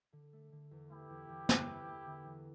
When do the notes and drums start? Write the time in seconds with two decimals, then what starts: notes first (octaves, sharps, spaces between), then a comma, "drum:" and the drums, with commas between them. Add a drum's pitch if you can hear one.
0.13 D3
0.33 A3
0.52 D3
0.71 E2
0.91 A3 E4 G4
1.10 E2
1.29 E2
1.49 E2, drum: snare
1.69 D3
1.88 E2
2.06 D3
2.26 E2